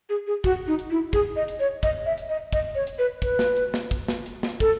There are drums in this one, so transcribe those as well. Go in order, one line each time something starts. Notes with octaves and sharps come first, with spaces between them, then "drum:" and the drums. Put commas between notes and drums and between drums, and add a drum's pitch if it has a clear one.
G#4
G#4
F#4, drum: kick, hi-hat
D#4
drum: hi-hat
E4
G#4, drum: kick, hi-hat
D#5
drum: hi-hat
C#5
D#5, drum: kick, hi-hat
E5
drum: hi-hat
D#5
D#5, drum: kick, hi-hat
C#5
drum: hi-hat
B4
B4, drum: kick, hi-hat
drum: snare
drum: hi-hat
drum: snare
drum: kick, hi-hat
drum: snare
drum: hi-hat
drum: snare
A4, drum: kick, hi-hat